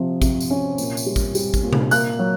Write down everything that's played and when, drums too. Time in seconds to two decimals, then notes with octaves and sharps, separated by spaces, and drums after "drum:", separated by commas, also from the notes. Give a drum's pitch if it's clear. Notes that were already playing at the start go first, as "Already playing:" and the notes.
Already playing: C3 F3
0.22 C3, drum: kick, tambourine
0.41 drum: tambourine
0.51 C#4
0.78 A#2, drum: tambourine
0.97 drum: tambourine
1.06 G3
1.16 drum: kick, tambourine
1.35 G3, drum: tambourine
1.54 drum: kick, tambourine
1.63 A#2
1.73 drum: tom C3
1.91 A#3 F#6, drum: tambourine
2.19 F#3